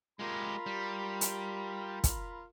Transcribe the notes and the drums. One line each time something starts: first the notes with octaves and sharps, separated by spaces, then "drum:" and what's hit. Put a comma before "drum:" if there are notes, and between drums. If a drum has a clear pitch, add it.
G#3 F4 G4 A#4 B5
G3
drum: hi-hat
drum: kick, hi-hat